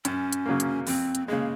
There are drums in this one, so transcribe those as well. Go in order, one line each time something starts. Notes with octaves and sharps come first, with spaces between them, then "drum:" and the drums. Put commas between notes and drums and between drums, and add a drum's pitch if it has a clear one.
F#2 C#4, drum: hi-hat
drum: hi-hat
C#3 F#3 A#3
drum: hi-hat
F2 C4, drum: open hi-hat
drum: hi-hat
C#3 G#3 A#3